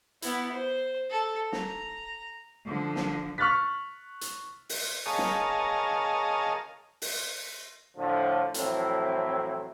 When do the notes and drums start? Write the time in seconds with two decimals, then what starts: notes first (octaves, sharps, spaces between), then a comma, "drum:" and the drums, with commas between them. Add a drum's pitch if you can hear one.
0.22 B3 E4, drum: hi-hat
0.52 C5
1.10 A4
1.52 A#5, drum: snare
2.65 D3 F3
2.96 drum: snare
3.38 C#6 F6 F#6 A6 B6
4.21 drum: hi-hat
4.69 drum: open hi-hat
5.06 G#4 A#4 C#5 D#5 F5 A5
5.18 drum: snare
7.02 drum: open hi-hat
7.97 A2 D3 F3
8.54 F2 A2 E3 F#3 C4 E4, drum: hi-hat